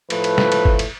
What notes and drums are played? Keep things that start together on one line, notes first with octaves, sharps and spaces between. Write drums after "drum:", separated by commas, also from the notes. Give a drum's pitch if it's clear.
A2 F3 A3 B4, drum: cymbal
drum: cymbal
drum: snare
drum: cymbal
drum: kick
drum: cymbal